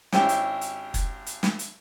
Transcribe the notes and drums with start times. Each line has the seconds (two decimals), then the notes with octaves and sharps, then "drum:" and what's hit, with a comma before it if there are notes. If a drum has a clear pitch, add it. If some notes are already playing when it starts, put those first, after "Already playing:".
0.12 G#1 C#4 E4 G4 C5 G5, drum: snare
0.29 drum: hi-hat
0.61 drum: hi-hat
0.94 drum: kick, hi-hat
1.27 drum: hi-hat
1.43 drum: snare
1.59 drum: hi-hat